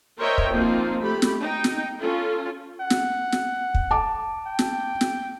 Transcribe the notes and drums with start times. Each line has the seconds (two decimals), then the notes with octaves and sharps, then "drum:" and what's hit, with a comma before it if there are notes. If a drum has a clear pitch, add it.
0.18 A#4 C5 C#5 D#5 E5 G5
0.38 drum: kick
0.51 F3 A#3 C4 D#4 F4
1.01 A3 G4 B5
1.22 drum: snare
1.41 D#4 G5
1.64 drum: snare
1.99 C#4 F4 A4
2.81 F#5
2.90 drum: snare
3.32 drum: snare
3.74 drum: kick
3.91 A5 D6
4.47 G5
4.59 drum: snare
5.01 drum: snare